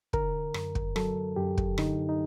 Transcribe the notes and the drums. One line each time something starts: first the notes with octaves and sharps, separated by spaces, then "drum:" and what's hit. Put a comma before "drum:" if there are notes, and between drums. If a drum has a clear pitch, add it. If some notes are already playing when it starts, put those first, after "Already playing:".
D3 A#4, drum: kick
F#2, drum: rim click
drum: kick
F#3 A4, drum: rim click
F#2 G4
drum: kick
D3 D#4, drum: rim click
D#4